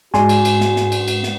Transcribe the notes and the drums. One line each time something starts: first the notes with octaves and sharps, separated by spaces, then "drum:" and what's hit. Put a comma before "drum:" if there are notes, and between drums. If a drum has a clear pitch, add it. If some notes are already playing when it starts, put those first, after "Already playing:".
G#2 G#3 F#4 D5 G#5 C6, drum: snare
drum: cymbal
drum: cymbal
drum: snare
drum: snare
drum: cymbal
drum: cymbal
drum: snare